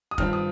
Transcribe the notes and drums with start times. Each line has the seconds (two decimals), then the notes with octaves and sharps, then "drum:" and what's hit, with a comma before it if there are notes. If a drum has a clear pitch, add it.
0.11 D#6
0.18 G2 D#3 C4 F4 F6, drum: kick
0.33 D#6